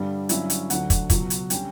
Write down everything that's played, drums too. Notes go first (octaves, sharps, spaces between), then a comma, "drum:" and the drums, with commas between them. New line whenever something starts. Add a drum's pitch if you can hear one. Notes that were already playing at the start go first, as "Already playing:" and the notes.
Already playing: G2 D3 G3
G2 D3 F#3 C#4 E4 E5, drum: hi-hat
drum: hi-hat
D2 D3 F#3 F#5, drum: hi-hat
drum: kick, hi-hat
C#2 B2 F#3, drum: kick, hi-hat
drum: hi-hat
D3 G3 C#4 G5, drum: hi-hat